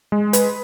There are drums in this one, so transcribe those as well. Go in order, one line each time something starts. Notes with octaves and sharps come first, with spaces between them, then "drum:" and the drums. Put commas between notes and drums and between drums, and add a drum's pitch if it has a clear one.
G#3
B4, drum: hi-hat